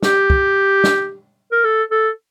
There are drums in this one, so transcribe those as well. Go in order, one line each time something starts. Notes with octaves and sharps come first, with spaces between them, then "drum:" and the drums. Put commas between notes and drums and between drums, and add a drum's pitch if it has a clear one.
G4, drum: snare
drum: kick
drum: snare
A#4
A4
A4